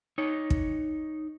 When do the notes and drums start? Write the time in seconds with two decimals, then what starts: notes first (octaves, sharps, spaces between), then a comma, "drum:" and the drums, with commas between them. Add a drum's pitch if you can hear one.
0.18 D#4 C#5
0.50 drum: kick